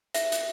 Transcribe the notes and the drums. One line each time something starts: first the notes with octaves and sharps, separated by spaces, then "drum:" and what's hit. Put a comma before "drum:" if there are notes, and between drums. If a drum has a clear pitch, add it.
E5, drum: hi-hat
drum: hi-hat